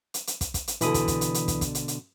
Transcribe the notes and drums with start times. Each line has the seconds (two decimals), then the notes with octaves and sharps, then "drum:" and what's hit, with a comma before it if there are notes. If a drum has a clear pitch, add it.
0.14 drum: hi-hat
0.27 drum: hi-hat
0.41 drum: kick, hi-hat
0.54 drum: kick, hi-hat
0.68 drum: hi-hat
0.81 B2 D3 E3 B5 D#6, drum: hi-hat
0.94 drum: kick, hi-hat
1.08 drum: kick, hi-hat
1.21 drum: hi-hat
1.34 drum: hi-hat
1.48 drum: kick, hi-hat
1.61 drum: kick, hi-hat
1.75 drum: hi-hat
1.88 drum: hi-hat